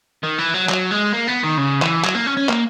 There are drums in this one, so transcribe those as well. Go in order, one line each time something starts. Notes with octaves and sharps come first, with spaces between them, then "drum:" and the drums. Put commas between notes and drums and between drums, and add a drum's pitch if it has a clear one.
D#3
E3
F#3
F#3, drum: clap
G#3
A#3
B3
D#3
C#3
E3, drum: clap
F#3, drum: clap
A#3
C#4
C#4
A#3, drum: clap